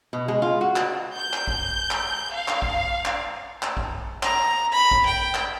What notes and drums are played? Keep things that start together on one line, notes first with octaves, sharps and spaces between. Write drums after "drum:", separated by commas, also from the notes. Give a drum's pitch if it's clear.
B2
G#3
F4
F#4
drum: clap
G6
drum: clap
drum: kick
drum: clap
F5
drum: clap
drum: kick
drum: clap
drum: clap
drum: kick
A#5, drum: clap
B5
drum: kick
G5
drum: clap